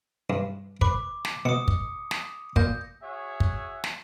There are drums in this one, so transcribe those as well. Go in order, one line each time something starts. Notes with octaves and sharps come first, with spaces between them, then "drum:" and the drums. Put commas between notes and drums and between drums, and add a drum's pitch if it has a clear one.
G2
B4 D6, drum: kick
drum: snare
B2 D#6 C#7
drum: kick
drum: snare
A#2 G6 A#6, drum: kick
F#4 G#4 C#5 E5
drum: kick
drum: snare